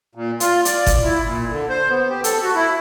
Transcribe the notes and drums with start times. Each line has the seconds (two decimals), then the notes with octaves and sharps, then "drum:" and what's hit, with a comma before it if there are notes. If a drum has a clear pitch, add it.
0.15 A#2
0.40 F4, drum: hi-hat
0.65 D5, drum: hi-hat
0.87 drum: kick G1, hi-hat
1.03 E4
1.24 A#2
1.50 D3
1.69 C5
1.90 B3
2.09 G4
2.24 A4, drum: hi-hat
2.43 F#4
2.55 E4